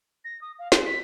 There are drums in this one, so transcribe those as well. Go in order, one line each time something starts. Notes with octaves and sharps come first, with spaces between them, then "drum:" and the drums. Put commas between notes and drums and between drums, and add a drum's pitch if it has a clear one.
A#6
D#6
F5
C6, drum: snare
B6